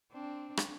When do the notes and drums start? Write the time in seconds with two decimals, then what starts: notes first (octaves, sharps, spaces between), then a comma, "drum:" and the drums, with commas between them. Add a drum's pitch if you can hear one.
0.13 C4 D4
0.57 drum: rim click